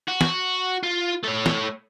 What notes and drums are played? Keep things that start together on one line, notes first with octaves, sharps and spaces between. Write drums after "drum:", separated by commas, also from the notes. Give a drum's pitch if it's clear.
F#4
drum: snare
F4
A3 C#5
drum: snare